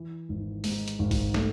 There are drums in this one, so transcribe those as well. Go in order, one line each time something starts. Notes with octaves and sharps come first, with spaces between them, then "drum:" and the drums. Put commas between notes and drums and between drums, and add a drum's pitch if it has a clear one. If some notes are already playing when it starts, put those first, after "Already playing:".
Already playing: E3
G#1
G#2, drum: open hi-hat
drum: hi-hat
G#1
drum: kick B1, open hi-hat
A3, drum: snare